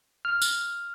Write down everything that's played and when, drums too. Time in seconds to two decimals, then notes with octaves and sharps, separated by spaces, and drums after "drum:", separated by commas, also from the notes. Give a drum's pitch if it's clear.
0.25 F6
0.42 drum: tambourine